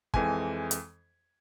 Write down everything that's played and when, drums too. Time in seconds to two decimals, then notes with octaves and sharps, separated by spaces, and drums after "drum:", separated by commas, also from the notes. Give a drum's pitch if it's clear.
0.14 F2 E3 G#3 G#5, drum: kick
0.71 drum: hi-hat